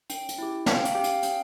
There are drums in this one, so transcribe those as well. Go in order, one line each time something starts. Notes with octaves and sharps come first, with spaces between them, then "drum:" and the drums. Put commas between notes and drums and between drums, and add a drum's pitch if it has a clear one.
C#4 G5, drum: hi-hat
drum: hi-hat
E4 G4
C#4 F5, drum: snare
G5
F5, drum: hi-hat
G4 G5
F5, drum: hi-hat
C#4 G5, drum: hi-hat